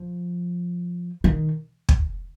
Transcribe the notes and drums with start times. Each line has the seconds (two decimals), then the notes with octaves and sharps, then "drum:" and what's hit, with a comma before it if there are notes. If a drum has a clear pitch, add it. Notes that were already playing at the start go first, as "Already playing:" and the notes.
Already playing: F3
1.24 D#3
1.89 drum: kick